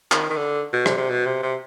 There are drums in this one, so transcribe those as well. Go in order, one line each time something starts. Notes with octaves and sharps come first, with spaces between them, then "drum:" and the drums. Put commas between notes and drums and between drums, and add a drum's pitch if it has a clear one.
D#3, drum: clap
D#3
D3
B2
C3, drum: rim click
C3
B2
C3
C3